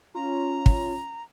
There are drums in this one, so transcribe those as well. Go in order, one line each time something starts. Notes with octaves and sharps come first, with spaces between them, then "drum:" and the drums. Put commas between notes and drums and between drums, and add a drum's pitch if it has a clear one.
C#4 F4 A#5
drum: kick